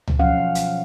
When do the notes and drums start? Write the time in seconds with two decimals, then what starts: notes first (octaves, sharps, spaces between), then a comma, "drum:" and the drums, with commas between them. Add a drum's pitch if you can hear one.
0.08 drum: tom C#2
0.19 B2 F3 F#3 C#4 F5 F#5
0.55 drum: hi-hat